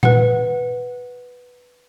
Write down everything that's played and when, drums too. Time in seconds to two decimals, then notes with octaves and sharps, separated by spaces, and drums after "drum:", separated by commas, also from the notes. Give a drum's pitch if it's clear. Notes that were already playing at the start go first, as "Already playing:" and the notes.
0.03 B4 F#5, drum: tom A#2